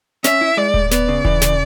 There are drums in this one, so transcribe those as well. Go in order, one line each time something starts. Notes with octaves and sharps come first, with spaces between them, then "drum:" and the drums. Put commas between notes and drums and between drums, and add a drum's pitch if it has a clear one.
C#4 E5, drum: snare
E4
G#3 D5
A2, drum: kick D#1
B3 D5, drum: snare
C#3
E3, drum: kick D#1
C#3, drum: snare